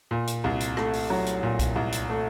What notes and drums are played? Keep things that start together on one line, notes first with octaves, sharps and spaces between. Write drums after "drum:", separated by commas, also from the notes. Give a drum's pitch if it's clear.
A#2
drum: hi-hat
C2
drum: hi-hat
A3, drum: rim click
drum: open hi-hat
F#3
drum: hi-hat
A#2
drum: kick B1, hi-hat
C2
drum: hi-hat
A3